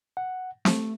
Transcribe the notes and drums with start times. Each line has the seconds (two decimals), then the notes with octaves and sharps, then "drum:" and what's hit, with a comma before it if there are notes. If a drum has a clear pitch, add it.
0.17 F#5
0.65 A3, drum: snare C4